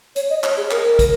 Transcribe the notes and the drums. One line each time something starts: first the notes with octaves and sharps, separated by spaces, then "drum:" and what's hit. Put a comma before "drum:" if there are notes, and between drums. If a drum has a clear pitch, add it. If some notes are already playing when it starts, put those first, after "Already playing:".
C#5, drum: hi-hat
D#5
C#5, drum: clap
G#4
A#4, drum: clap
drum: kick, hi-hat